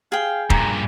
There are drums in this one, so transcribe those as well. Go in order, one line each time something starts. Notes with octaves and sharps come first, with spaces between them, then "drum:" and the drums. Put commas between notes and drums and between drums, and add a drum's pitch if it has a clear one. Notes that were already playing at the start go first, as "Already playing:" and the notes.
G#4 F5 G5
G2 A#2 A#5, drum: kick